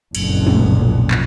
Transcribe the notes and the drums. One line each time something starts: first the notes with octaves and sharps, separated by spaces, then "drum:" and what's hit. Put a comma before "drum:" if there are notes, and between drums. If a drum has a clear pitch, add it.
F#1 B1 F2 A#2, drum: cymbal
drum: tom
drum: clap